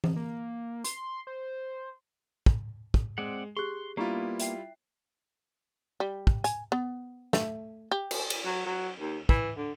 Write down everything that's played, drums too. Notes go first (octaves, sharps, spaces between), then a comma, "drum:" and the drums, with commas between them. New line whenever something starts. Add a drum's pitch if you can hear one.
drum: tom E3
A#3
C6, drum: hi-hat
C5
drum: kick
drum: kick
G#3 C4 D5 F#5
G4 G#4 C6 C#6 F#6
G3 A#3 B3 D4 E4 F4 A#5 C#6
E5 G5 C7, drum: hi-hat
G3
drum: kick
G#5, drum: hi-hat
B3
A3, drum: snare
G4
drum: cymbal
drum: cymbal
F#3
F#3
D#2
E3, drum: kick
D3